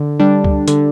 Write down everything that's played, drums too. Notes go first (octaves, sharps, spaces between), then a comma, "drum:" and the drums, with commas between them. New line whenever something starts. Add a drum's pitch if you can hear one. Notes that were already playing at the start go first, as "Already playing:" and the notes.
Already playing: D3
G3 D4
drum: kick C#2
D3, drum: hi-hat